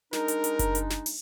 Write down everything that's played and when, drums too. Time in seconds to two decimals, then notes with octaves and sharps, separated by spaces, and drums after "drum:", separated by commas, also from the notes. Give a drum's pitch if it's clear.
0.13 G#3 D4 D#4 A#4, drum: snare
0.28 drum: hi-hat
0.44 drum: hi-hat
0.59 drum: kick F#1, hi-hat
0.75 drum: hi-hat
0.90 drum: snare
1.06 drum: open hi-hat